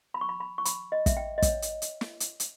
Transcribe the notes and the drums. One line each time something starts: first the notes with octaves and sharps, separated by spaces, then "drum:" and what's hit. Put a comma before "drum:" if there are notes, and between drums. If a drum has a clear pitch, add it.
B5
C#6
B5
B5
C#6
B5, drum: hi-hat
D#5
E5, drum: kick, hi-hat
G5
D#5
C#5, drum: kick, hi-hat
drum: hi-hat
drum: hi-hat
drum: snare
drum: hi-hat
drum: hi-hat